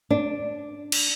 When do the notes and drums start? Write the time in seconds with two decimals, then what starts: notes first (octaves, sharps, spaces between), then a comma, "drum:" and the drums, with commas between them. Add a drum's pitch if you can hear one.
0.10 D4
0.92 drum: cymbal